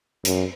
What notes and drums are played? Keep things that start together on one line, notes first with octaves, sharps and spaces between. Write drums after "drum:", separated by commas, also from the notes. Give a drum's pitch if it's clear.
F#2, drum: hi-hat